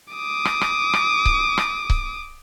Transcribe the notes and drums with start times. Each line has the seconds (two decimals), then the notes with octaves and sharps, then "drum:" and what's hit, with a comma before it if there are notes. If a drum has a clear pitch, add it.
0.13 D6 D#6
0.45 drum: rim click
0.61 drum: rim click
0.93 drum: rim click
1.25 drum: kick C#1
1.58 drum: rim click
1.90 drum: kick C#1